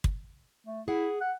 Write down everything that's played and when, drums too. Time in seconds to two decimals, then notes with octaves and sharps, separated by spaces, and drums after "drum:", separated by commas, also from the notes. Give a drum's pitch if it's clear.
0.04 drum: kick
0.66 A3
0.88 E4 G#4 F#5
1.21 F#5